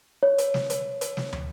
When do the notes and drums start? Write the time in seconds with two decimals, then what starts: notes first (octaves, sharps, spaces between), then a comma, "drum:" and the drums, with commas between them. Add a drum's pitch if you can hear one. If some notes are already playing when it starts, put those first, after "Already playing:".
0.23 C#5
0.38 drum: hi-hat
0.54 drum: snare
0.70 drum: hi-hat
1.01 drum: hi-hat
1.17 drum: snare
1.33 drum: tom